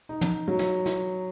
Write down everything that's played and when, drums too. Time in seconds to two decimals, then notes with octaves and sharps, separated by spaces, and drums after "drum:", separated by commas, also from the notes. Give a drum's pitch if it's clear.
0.09 D#4
0.21 drum: tom
0.48 F#3
0.59 drum: snare
0.86 drum: snare